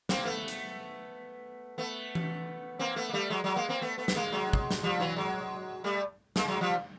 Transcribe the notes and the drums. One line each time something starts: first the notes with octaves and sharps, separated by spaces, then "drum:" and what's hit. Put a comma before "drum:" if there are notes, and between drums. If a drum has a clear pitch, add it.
A#3 C4, drum: snare
A3 B3
drum: hi-hat
A3 B3
drum: tom E3
A#3 C4
A3 B3
A#3
G3 A3
F#3 G#3
F#3 G#3
G#3 A#3
A#3 C4
A3 B3
A3 B3
B3, drum: snare
G#3 A#3
F#3 G#3
drum: kick
drum: snare
F3 G3
E3 F#3
F#3 G#3
G3 A3
G#3 A#3, drum: snare
F#3 G#3
F3 G3